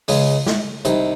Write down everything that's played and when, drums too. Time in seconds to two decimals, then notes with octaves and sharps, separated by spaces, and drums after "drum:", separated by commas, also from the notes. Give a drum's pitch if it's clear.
0.08 C#2 C#3 G#3, drum: open hi-hat
0.47 drum: snare
0.85 C2 C3 D#3, drum: hi-hat